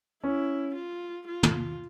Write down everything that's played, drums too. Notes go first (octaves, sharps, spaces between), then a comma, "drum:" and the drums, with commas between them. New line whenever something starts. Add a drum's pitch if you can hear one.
C#4 E4
F4
F4
drum: tom